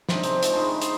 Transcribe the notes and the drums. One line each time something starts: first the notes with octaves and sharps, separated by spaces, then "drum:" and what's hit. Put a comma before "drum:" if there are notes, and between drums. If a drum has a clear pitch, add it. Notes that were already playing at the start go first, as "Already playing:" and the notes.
C3 C4 D4 D#4, drum: snare
G#4 C5, drum: hi-hat
F3 G#3 A3 A#4, drum: hi-hat
D#3 D#4 B5
C5 D#5 C6, drum: hi-hat